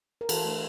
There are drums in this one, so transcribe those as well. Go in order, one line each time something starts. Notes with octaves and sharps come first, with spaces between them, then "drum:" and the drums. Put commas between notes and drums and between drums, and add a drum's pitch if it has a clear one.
A#4
E3 A4, drum: cymbal
A3 D4